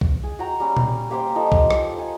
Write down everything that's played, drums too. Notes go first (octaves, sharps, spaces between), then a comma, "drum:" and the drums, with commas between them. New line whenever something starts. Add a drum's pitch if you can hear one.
drum: kick
G#4
F#4 G5 A#5
G3 C#4
drum: tom A#2
A#3 G4 C5 G5
F3 D#4 A4 C5
drum: kick
drum: rim click
G#5